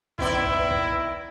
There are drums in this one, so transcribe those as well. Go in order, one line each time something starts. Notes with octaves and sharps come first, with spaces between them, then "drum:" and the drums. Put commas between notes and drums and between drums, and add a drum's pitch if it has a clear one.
D#3 B3 E4 D5, drum: kick
drum: kick
drum: kick